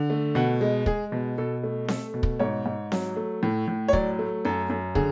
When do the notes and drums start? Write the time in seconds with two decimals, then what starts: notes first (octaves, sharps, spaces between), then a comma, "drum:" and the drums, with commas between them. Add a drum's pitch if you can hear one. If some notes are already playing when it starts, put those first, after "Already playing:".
Already playing: D3
0.10 A3
0.35 B2 F#5
0.61 G#3
0.86 G#3 G#4, drum: kick
1.12 B2
1.38 B2 A4
1.63 A3
1.88 A3 A4, drum: snare C4
2.14 B2
2.23 drum: kick
2.39 G#2 C#5
2.66 G#2
2.92 F#3, drum: snare C4
3.17 A3
3.43 A2
3.68 A2
3.88 C#5
3.93 F#3 D5, drum: kick
4.19 A3
4.45 F#2 A4
4.70 F#2
4.95 D3 G#4, drum: kick